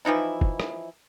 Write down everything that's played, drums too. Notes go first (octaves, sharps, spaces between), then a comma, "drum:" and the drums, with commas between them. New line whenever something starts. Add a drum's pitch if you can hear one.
E3 F3 D#4 E4
drum: kick
drum: rim click